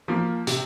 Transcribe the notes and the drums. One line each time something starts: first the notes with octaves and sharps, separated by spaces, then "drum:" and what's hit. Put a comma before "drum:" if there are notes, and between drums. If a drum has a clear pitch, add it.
F3 A#3
C3, drum: hi-hat